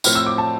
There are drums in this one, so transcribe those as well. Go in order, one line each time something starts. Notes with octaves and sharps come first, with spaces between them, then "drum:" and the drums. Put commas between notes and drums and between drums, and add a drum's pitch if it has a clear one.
A2 F3 C4 F6, drum: tambourine
E6
D6
A5